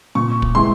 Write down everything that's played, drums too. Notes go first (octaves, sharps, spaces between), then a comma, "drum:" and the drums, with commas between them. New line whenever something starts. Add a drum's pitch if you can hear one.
A#2 C#6
drum: kick
G#3 E4 C6